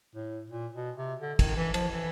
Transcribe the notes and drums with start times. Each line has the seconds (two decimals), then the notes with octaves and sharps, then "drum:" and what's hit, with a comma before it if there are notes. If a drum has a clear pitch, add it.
0.15 A2
0.51 A#2
0.74 B2
0.98 C3
1.21 D3
1.39 D#3, drum: kick, cymbal
1.57 E3
1.74 F3, drum: cymbal
1.92 E3